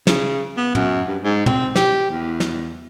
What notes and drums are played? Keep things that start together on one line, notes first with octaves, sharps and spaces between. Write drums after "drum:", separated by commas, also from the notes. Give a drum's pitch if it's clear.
C#3, drum: snare
B3
F#2, drum: tom
G2
G#2
C4, drum: tom
G4, drum: snare
E2
drum: snare